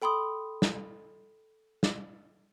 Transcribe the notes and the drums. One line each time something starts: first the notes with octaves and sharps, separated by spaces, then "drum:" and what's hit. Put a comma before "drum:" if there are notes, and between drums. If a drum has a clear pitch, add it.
A4 G5 B5 C6 D#6
drum: snare
drum: snare